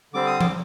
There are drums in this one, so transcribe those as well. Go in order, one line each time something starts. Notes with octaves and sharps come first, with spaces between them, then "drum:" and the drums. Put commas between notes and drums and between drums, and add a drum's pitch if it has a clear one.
D3 G3 C4 D6
D#6
D6, drum: tom F3